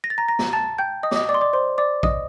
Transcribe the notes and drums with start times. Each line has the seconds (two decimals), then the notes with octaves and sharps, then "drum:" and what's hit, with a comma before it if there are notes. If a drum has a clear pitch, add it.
0.04 A#6
0.10 A6
0.18 A#5 A#6
0.29 A#5 A#6
0.39 drum: snare
0.53 A5 A6
0.78 G5 G6
1.03 D#5 D#6
1.11 D6, drum: snare
1.16 D#5 D#6
1.29 D5 D6
1.34 C6
1.41 D5 D6
1.53 C5 C6
1.78 D5 D6
2.03 D#5 D#6, drum: kick A#1